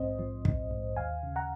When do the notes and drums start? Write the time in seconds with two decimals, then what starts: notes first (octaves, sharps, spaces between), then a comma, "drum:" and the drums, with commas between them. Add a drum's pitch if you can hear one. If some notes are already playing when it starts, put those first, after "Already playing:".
Already playing: A#1 G#2 C4 C5 D#5
0.19 F3
0.45 A#1, drum: kick
0.71 G#2
0.97 D#2 F5 G#5
1.23 C#3
1.36 F#5 A#5